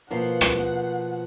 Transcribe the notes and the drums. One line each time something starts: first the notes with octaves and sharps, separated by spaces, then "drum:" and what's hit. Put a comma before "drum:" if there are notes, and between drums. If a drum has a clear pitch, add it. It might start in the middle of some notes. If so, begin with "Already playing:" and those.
B2 F3 A#3 F#5
drum: rim click